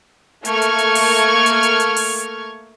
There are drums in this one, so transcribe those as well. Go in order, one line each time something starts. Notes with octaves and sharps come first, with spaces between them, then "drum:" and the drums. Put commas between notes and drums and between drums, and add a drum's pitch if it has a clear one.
A3 A#3 C#6 F6 G#6, drum: hi-hat
drum: hi-hat
drum: hi-hat
drum: open hi-hat
drum: hi-hat
drum: hi-hat
drum: hi-hat
drum: open hi-hat